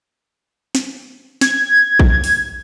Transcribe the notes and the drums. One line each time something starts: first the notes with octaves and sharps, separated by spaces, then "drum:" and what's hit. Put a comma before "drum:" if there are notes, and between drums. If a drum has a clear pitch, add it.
drum: snare
G#6, drum: snare
drum: kick A#1
drum: open hi-hat